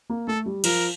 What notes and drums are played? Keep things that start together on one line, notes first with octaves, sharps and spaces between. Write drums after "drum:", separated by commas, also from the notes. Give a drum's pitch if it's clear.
A#3
A3 A4
G3
F3 A#4, drum: cymbal